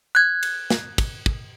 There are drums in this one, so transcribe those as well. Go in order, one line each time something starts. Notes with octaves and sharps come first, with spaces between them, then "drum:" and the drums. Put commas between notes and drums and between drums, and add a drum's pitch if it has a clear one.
F#6 G#6
drum: cymbal
drum: snare
drum: kick, cymbal
drum: kick